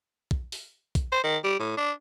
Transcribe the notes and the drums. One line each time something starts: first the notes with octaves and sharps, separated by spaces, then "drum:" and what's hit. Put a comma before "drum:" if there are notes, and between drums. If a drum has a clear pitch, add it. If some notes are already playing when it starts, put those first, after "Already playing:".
drum: kick
drum: open hi-hat
drum: kick, hi-hat
C5
D#3
G3
A2
D4